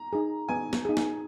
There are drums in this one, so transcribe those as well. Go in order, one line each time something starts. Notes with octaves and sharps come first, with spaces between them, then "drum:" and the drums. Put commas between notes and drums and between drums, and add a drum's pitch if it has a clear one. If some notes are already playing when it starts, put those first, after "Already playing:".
Already playing: A#5
D#4 G#4
B3 G#5
drum: snare
D#4 G#4
drum: snare